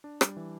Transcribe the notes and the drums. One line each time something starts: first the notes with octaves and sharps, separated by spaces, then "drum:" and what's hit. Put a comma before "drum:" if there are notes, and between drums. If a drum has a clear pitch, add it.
D4
G3, drum: rim click
E3